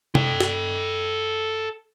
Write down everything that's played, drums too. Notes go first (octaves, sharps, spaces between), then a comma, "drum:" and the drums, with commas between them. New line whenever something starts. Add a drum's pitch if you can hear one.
A4 G5, drum: tom C3
drum: snare